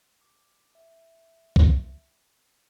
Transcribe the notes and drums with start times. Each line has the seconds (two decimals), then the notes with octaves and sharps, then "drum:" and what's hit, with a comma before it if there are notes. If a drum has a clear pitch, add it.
0.21 D6
0.75 E5
1.56 drum: kick